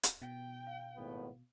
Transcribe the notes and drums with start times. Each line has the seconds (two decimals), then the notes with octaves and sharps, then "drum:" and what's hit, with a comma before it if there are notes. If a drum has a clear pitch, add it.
0.03 drum: hi-hat
0.22 B2 G5
0.67 F5
0.97 G#1 A2 B3